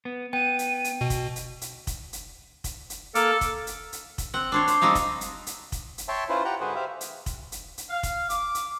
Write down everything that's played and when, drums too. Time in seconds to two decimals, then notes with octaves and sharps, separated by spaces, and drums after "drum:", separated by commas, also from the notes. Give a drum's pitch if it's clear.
0.05 B3
0.33 B3 G5 D#7
0.59 drum: hi-hat
0.84 drum: hi-hat
1.01 B2
1.10 drum: kick, hi-hat
1.36 drum: hi-hat
1.61 drum: hi-hat
1.87 drum: kick, hi-hat
2.13 drum: hi-hat
2.64 drum: kick, hi-hat
2.90 drum: hi-hat
3.15 A#3 A4 D6 F6, drum: hi-hat
3.41 drum: kick, hi-hat
3.67 drum: hi-hat
3.93 drum: hi-hat
4.18 drum: kick, hi-hat
4.34 C4 F#5
4.52 D4 C5 C#5
4.68 C5, drum: hi-hat
4.81 G3 C4 C#4 D#4 F5
4.95 drum: kick, hi-hat
5.21 drum: hi-hat
5.47 drum: hi-hat
5.72 drum: kick, hi-hat
5.98 drum: hi-hat
6.08 C#5 E5 G5 A5 C6
6.29 C#4 E4 F4 B4 C5
6.45 G4 F#5 G5 A#5
6.60 G#2 D3 F#4 G#4 B4 C5
6.75 G4 C5 E5 F5
7.01 drum: hi-hat
7.26 drum: kick, hi-hat
7.52 drum: hi-hat
7.78 drum: hi-hat
7.90 F5
8.03 drum: kick, hi-hat
8.30 D6, drum: hi-hat
8.55 drum: hi-hat